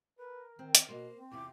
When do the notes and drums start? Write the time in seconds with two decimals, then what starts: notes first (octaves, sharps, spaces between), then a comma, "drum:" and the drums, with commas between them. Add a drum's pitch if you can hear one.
0.19 A#4 B4
0.59 D#3 C4
0.75 drum: hi-hat
0.89 B2 A#3 C5
1.17 C4
1.32 E2 C3 F4 D6